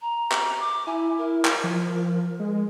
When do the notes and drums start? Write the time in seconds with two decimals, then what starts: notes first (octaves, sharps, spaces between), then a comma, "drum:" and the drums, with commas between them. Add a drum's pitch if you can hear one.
0.02 A#5
0.32 drum: clap
0.60 D6
0.87 E4 G#5
1.18 A#4
1.45 drum: clap
1.64 F3
2.40 G#3